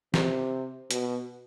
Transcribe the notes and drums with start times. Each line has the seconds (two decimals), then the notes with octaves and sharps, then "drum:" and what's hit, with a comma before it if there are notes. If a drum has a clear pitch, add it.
0.14 C3, drum: snare
0.91 B2, drum: hi-hat